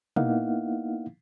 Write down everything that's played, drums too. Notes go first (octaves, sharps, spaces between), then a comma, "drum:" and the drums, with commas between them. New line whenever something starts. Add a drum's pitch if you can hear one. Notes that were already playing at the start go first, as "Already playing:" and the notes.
A#3 B3 D#4 E4 F5 F#5, drum: tom